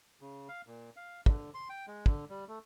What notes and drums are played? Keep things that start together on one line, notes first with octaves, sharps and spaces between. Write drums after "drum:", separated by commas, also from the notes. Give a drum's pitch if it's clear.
C#3
F5
A#2
F5
D3, drum: kick
C6
G5
G#3
D3, drum: kick
G3
A3